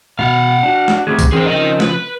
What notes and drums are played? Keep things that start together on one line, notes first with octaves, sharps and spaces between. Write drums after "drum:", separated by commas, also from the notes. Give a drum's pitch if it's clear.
B2 B3 F#4 F5 F#5
D4 F#4
drum: snare
D2 C4 G4 G#4
drum: kick, tambourine
E3 C4 G#4 A#4 C5
C#3 F3 C4 A#4 D#5
B4, drum: snare